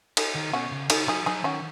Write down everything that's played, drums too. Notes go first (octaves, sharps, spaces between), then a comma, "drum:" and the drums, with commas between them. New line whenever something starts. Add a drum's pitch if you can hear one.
D#4 G#4, drum: cymbal
D#3
B2 C#4 F#4
C#3
D#3 D#4 G#4, drum: cymbal
F#3 D#4 G#4
F#3 D#4 G#4
D#3 C#4 F#4